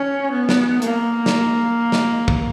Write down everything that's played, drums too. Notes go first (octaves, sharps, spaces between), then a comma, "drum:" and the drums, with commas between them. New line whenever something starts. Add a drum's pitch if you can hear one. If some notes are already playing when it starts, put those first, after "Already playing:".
Already playing: C#4
B3
drum: snare
A#3, drum: hi-hat
drum: snare
drum: snare
drum: kick